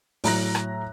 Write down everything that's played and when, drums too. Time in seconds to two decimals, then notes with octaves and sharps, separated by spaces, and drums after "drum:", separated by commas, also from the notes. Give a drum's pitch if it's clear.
0.24 A2 F#3 A#5 F#6 A#6, drum: open hi-hat
0.55 drum: rim click